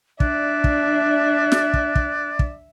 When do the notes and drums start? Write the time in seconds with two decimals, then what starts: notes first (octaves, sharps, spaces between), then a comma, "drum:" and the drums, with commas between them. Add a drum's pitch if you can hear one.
0.20 D4 D5 E5 F#6, drum: kick
0.64 drum: kick
1.52 drum: snare
1.74 drum: kick
1.95 drum: kick
2.39 drum: kick